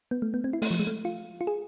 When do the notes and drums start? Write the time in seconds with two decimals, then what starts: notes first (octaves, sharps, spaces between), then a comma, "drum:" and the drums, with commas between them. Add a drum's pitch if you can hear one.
0.11 B3
0.22 A3
0.34 B3
0.44 C4
0.53 E4
0.62 A3, drum: open hi-hat
0.71 F3
0.79 G#3
0.87 A3
1.05 F4
1.41 F4
1.47 G#4